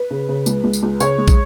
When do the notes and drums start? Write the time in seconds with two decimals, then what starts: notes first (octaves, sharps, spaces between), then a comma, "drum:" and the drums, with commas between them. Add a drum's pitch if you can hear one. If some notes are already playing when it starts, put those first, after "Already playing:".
Already playing: B4
0.11 C#3
0.29 C#3
0.46 C#2, drum: tambourine
0.64 C#2
0.73 drum: tambourine
0.83 C#2
1.00 C#3 C#5, drum: tambourine
1.18 G#3
1.28 drum: kick, tambourine